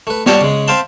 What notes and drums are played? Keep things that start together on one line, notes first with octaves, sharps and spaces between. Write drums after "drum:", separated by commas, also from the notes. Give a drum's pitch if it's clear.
A3 B4
G3 C#5 G#5 A5, drum: snare
C#3 G#3
C4 C5 E5 F5 G5 A5